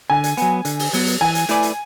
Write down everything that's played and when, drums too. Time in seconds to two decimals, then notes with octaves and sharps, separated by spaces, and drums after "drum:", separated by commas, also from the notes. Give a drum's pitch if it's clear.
0.10 D3 G#5
0.24 drum: hi-hat
0.37 F#3 B3, drum: hi-hat
0.65 D3, drum: hi-hat
0.79 drum: open hi-hat
0.93 F#3 B3, drum: open hi-hat
1.07 drum: hi-hat
1.21 E3 G#5
1.35 drum: hi-hat
1.49 A3 E4 B4 D5, drum: hi-hat
1.63 drum: hi-hat